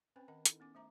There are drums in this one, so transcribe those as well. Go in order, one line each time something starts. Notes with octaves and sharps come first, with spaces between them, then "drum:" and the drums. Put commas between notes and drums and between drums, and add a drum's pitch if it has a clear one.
C4 C#4 B4 C5 G5 B5
D#3 A#4 D#5 F#5 B5
D#4 E4 A4, drum: hi-hat
B3 C#4 D6
A3 C5 E5 A#5 D6